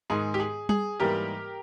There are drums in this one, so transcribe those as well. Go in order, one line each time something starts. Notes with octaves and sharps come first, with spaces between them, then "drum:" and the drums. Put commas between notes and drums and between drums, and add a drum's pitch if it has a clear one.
G#2 D#3 G#3 G#4
G4
G#4
G#4, drum: tom G3
G#2 E3 G3 A#3 G4 A#4